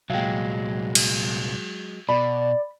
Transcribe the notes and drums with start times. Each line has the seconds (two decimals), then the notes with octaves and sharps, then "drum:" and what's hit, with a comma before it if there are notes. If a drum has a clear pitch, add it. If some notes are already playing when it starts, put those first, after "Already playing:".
0.10 C2 A#2 F#3 G#3 F5 G5
0.95 drum: cymbal
2.09 B2 D5 B5